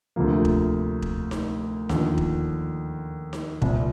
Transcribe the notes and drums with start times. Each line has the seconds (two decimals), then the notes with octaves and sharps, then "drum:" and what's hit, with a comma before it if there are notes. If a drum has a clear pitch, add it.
0.16 D2 C3 F3 A#3
0.45 drum: kick E1
1.02 drum: kick E1
1.31 drum: snare D#4
1.89 D#2 D3 F3, drum: snare D#4
2.18 drum: kick E1
3.33 drum: snare D#4
3.62 C2 A#2 G3 C4, drum: kick E1